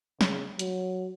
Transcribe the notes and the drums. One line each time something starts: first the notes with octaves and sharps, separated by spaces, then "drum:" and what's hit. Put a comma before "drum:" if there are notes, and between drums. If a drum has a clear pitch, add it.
C#3, drum: snare
F#3, drum: hi-hat